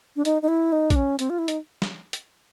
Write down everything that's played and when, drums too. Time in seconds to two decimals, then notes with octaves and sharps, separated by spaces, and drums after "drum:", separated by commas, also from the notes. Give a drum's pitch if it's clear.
0.16 D4
0.25 D#4, drum: hi-hat
0.42 D#4
0.48 E4
0.72 D#4
0.90 D4, drum: kick A#1, hi-hat
0.96 C#4
1.19 C4, drum: hi-hat
1.30 F4
1.39 E4
1.48 D#4, drum: hi-hat
1.82 drum: snare
2.13 drum: hi-hat